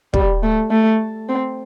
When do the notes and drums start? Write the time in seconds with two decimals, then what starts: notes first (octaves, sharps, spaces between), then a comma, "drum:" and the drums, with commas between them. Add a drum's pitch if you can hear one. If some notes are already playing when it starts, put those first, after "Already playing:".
0.14 G3, drum: kick
0.43 A3
0.70 A3
1.29 C4